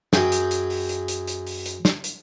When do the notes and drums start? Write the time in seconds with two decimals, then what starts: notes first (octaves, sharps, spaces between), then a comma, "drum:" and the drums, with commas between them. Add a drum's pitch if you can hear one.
0.13 F#2 G#4 G5, drum: snare
0.32 drum: hi-hat
0.51 drum: hi-hat
0.70 drum: open hi-hat
0.89 drum: hi-hat
1.08 drum: hi-hat
1.27 drum: hi-hat
1.47 drum: open hi-hat
1.66 drum: hi-hat
1.85 drum: snare
2.04 drum: hi-hat